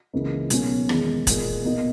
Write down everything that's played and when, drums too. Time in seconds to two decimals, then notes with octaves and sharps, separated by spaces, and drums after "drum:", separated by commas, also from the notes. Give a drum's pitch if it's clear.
0.13 C#2 C#3 E3 A#3 D#4
0.50 B1 B2 A#3 C#4, drum: hi-hat
0.89 E1 E2 D#3 G#3, drum: rim click
1.27 A#2 A#3 D#4 G#4, drum: kick, hi-hat
1.65 B2 A#3 D#4